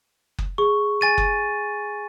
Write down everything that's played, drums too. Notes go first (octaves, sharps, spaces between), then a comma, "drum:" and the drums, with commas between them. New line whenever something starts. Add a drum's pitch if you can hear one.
drum: kick F#1
G#4 C#6
G#5 A6 D#7
drum: kick F#1